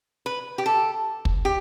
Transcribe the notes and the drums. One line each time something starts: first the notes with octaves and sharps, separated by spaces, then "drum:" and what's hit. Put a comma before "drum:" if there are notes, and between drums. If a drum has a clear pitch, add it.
B4
G4
A4
drum: kick
G4